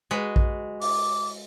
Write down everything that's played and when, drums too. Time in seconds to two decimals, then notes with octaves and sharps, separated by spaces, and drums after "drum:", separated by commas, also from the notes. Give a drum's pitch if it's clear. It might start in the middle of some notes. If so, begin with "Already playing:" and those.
0.11 G#3 F#4 B4
0.36 drum: kick A#1
0.82 D6, drum: open hi-hat